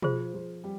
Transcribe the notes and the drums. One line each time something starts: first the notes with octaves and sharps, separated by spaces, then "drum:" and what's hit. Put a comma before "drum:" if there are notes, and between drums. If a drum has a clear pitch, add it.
F3 F4 G#4 C5, drum: tom B2
F3
G3